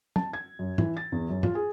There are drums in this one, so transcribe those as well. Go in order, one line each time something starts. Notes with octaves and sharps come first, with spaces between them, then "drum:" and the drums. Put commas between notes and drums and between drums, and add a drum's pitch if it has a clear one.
A5, drum: tom
G#6
F#2
E3, drum: tom
A6
E2
F#2
F4, drum: tom
G#4